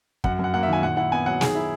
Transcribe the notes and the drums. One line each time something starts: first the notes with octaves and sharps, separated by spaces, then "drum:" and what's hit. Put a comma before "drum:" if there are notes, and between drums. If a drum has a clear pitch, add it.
F#2 F#5, drum: kick
F#2 F#5
A#3 F#5
E5
D#3 G#5
A#2 F#5
E4 F#5
B3 G#5
F#3 F#5
D#3 G#4, drum: snare
E4